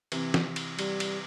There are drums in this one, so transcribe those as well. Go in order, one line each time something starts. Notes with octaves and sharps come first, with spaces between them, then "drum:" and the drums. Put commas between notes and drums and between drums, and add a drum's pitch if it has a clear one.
C3 E3, drum: cymbal
drum: snare
drum: cymbal
G3, drum: cymbal
drum: cymbal